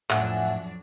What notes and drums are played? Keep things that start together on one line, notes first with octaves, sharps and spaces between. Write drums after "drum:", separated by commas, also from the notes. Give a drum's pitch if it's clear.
F2 A2 F#3 D4 E5 F#5 G#5, drum: clap